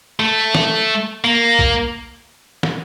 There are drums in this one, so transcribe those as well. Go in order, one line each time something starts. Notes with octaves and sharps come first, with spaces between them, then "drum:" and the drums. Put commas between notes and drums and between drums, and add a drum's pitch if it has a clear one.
A3
drum: snare
A#3
drum: kick B1
drum: snare